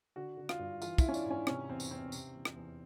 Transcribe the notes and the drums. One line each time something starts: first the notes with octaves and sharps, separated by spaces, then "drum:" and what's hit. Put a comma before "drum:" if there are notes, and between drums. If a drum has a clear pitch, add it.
D3 F#4
D3
F4, drum: rim click
G2
E3 F4, drum: tambourine
E3 E4, drum: kick, tambourine
C#4
D4, drum: tambourine
G#2
C#4
C3 C#4, drum: rim click
E2 C4
drum: tambourine
E2 C4
C3, drum: tambourine
E2
drum: rim click
E2